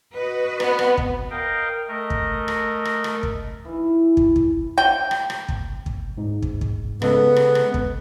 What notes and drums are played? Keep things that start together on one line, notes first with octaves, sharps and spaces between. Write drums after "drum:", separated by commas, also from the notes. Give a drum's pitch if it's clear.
F#4 B4 D#5
B3, drum: rim click
drum: rim click
drum: kick
A#4 D#5 F5 G5
A3 A#4 D#5
drum: kick
drum: rim click
drum: rim click
drum: rim click
drum: kick
E3
drum: kick
drum: kick
G5
drum: rim click
drum: rim click
drum: kick
drum: kick
G#2
drum: kick
drum: kick
C#3 G#3 B3 A4, drum: rim click
drum: rim click
drum: rim click
drum: kick